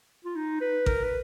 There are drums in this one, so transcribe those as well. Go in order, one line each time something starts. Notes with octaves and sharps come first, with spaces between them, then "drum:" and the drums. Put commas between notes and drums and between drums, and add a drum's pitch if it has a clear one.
F4
D#4
B4
A#4, drum: kick A1
B4